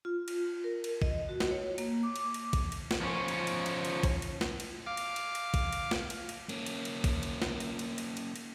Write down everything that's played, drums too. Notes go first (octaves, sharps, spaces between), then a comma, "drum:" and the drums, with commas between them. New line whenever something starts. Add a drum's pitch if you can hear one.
F4
drum: cymbal
A#4
drum: cymbal
D#5, drum: kick
F#4
drum: snare
C#5
A#3, drum: cymbal
D6
drum: cymbal
drum: cymbal
drum: kick, cymbal
drum: cymbal
drum: snare
F3 C#4
drum: cymbal
drum: cymbal
drum: cymbal
drum: cymbal
drum: kick, cymbal
drum: cymbal
drum: snare
drum: cymbal
F5 D6
drum: cymbal
drum: cymbal
drum: cymbal
drum: kick, cymbal
drum: cymbal
drum: snare
drum: cymbal
drum: cymbal
A#3 C#4, drum: cymbal
drum: cymbal
drum: cymbal
drum: kick, cymbal
drum: cymbal
drum: snare
drum: cymbal
drum: cymbal
drum: cymbal
drum: cymbal
drum: cymbal